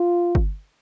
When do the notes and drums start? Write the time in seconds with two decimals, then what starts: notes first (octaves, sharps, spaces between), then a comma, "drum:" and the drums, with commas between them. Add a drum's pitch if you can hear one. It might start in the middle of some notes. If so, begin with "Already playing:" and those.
Already playing: F4
0.35 drum: kick G1